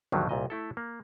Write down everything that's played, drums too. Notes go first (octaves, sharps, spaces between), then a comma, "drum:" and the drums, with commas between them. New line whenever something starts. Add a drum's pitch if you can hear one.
G#1 D#2 D3 D#3 F#3 G3, drum: tom E3
C2 A#2 D#5
A3 E4 A4
A#3